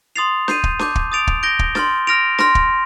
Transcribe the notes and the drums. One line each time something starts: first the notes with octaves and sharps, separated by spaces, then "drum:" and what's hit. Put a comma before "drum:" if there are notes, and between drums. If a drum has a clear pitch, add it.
C6 D#6 A6 C7 F7
G6 C7 D#7, drum: snare
drum: kick
A5 D6 G6, drum: snare
drum: kick
D#6 A6 D7 F7
drum: kick
G6 A#6 D7 G7
drum: kick
C6 F6 A6, drum: snare
F6 A#6 D7 F7
C6 F6 A#6, drum: snare
drum: kick